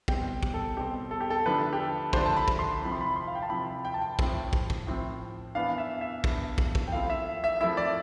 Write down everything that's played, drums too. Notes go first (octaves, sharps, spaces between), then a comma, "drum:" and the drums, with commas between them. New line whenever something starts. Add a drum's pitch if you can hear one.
B2 G3 C4 G5, drum: kick
drum: kick
A4
B2 G3 C4 G4
A4
G4
A4
D3 F3 A3 D4 B4
G4
A4
D3 F3 A3 D4 C5, drum: kick
A5
B5
drum: kick
C6
C3 F3 C4 E4 B5
C6
B5
C6
F5
G5
A5
C3 F3 C4 E4 B5
G5
A5
G5
A2 F3 C4, drum: kick
drum: kick
drum: kick
A2 F3 C4
E3 B3 D4 F5
E5
E5
E3 B3 D4, drum: kick
drum: kick
drum: kick
G5
F3 A3 C4 E4 F5
E5
E5
F3 A3 C4 E4 E5
D5